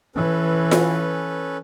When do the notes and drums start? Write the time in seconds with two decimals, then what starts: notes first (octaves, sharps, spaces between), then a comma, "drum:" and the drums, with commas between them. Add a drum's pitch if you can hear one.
0.16 E3 C#4 A4 B4
0.71 drum: snare F4